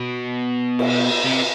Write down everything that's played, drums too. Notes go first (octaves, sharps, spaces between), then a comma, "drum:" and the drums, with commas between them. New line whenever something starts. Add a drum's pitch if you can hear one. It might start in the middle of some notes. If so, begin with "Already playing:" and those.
Already playing: B2
drum: cymbal
C3